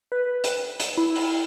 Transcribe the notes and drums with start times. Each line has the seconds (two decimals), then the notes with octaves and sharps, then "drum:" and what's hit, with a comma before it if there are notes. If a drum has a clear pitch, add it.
0.12 B4
0.44 drum: hi-hat
0.80 drum: hi-hat
0.97 E4
1.15 drum: open hi-hat